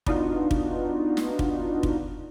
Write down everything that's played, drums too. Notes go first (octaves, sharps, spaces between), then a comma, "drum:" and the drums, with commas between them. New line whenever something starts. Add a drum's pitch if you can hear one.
B3 D4 D#4 F4 F#4, drum: kick
drum: kick
drum: snare
drum: kick
drum: kick